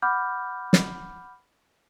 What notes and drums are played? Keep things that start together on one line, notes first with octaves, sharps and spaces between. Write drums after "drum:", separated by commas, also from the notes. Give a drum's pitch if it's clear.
F#5 B5 D6 F6 G6
drum: snare